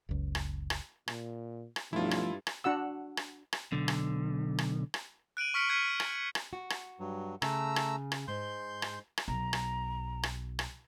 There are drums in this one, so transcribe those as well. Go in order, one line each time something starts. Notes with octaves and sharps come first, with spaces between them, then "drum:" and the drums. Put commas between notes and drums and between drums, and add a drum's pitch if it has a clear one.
F#1 C#2
drum: rim click
drum: rim click
A#2, drum: rim click
drum: rim click
B1 G2 F3 A3 E4 F4
drum: rim click
drum: rim click
D4 F#4 F#5 E6
drum: rim click
drum: rim click
B1 D3
drum: rim click
drum: rim click
drum: rim click
F#6 D7 D#7 F#7
C#6 F6 B6 C#7 D7 F#7
F6 F#6 G#6 B6 C#7 D#7
drum: rim click
drum: rim click
F#4
drum: rim click
G2 F#3
C#3 A3 A#5 E6, drum: rim click
drum: rim click
drum: rim click
G#2 C6 G6
drum: rim click
drum: rim click
B1 A#5
drum: rim click
drum: rim click
drum: rim click